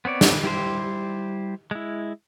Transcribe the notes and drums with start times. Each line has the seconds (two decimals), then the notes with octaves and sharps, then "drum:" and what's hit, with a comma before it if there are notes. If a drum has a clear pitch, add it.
0.05 B3 C4 C#5 D5
0.21 drum: snare
0.44 G3 E4 G4 C5
1.71 G#3 E4